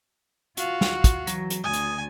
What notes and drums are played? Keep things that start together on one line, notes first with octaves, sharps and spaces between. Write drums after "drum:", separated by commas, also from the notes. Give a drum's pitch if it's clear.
F4 F#4 F5, drum: hi-hat
drum: snare
drum: kick, hi-hat
E3 F#3, drum: hi-hat
drum: hi-hat
D2 G#5 D#6
drum: hi-hat